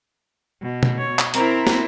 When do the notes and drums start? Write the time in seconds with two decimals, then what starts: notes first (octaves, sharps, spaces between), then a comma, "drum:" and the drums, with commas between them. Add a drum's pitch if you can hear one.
0.62 B2
0.83 drum: tom B2
0.97 C#5
1.19 drum: clap
1.34 C4 E4 A#4 A#5, drum: hi-hat
1.67 drum: snare